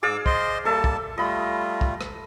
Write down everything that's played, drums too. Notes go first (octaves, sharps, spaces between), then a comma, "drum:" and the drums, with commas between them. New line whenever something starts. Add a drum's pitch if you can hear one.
G#2 G#4 D5 F5 D6 E6
C5 D#5 C6, drum: kick
G3 A#3 A4 E5 A5
drum: kick
G3 A3 F4 D#5 B5
drum: kick
drum: rim click